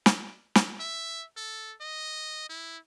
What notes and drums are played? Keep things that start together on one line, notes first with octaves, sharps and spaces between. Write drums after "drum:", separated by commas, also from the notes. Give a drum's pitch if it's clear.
drum: snare
drum: snare
E5
A4
D#5
E4